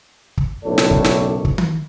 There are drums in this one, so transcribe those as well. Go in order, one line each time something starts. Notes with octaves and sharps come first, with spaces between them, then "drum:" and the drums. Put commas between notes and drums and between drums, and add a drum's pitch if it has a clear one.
drum: kick
F#1 B1 A2 A4 C#5 D5
drum: snare
drum: kick
drum: snare
drum: kick
drum: tom D#3